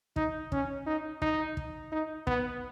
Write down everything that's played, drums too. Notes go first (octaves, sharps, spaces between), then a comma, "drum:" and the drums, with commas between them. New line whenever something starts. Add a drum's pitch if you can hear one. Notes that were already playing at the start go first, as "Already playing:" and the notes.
D#4, drum: kick
C#4, drum: kick
D#4
D#4, drum: kick
drum: kick
D#4
B3, drum: kick